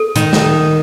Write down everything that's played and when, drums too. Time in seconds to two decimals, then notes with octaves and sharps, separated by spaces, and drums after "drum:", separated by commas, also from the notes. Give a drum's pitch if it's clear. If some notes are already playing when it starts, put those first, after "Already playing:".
Already playing: A4
0.16 D#3, drum: hi-hat
0.33 drum: snare